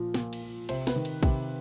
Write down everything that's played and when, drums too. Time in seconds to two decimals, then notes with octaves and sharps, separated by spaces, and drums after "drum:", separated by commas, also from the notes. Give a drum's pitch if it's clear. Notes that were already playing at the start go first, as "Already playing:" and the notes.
Already playing: A#2 F3
0.14 A#2, drum: snare
0.33 drum: cymbal
0.42 F3
0.69 C3 C5, drum: cymbal
0.87 B4, drum: snare
0.96 D#3
1.05 drum: cymbal
1.23 C3 G4, drum: kick, cymbal